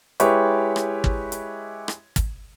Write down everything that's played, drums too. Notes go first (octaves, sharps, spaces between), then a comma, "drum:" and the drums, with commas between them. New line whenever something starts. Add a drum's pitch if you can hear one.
G#3 E4 G4 B4 C#5, drum: hi-hat
drum: rim click
drum: kick
drum: hi-hat
drum: rim click
drum: kick, hi-hat